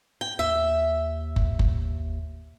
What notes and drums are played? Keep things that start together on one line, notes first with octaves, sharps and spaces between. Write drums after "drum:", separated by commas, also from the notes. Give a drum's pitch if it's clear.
G5
D#2 E5
drum: kick F#1
drum: kick F#1